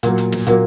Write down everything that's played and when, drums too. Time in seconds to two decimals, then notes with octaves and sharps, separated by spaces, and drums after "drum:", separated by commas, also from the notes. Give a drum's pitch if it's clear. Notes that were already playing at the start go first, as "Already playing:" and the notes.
0.03 A#2 F#3 A#3, drum: hi-hat
0.18 drum: hi-hat
0.32 drum: snare
0.47 A#2 F#3 A#3, drum: hi-hat